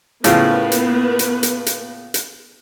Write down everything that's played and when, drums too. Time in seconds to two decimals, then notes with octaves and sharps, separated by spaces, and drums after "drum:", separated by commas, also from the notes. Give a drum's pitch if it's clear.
0.24 A2 C#3 F3 A#3 B3 B4, drum: hi-hat
0.72 drum: hi-hat
1.19 drum: hi-hat
1.43 drum: hi-hat
1.66 drum: hi-hat
2.14 drum: hi-hat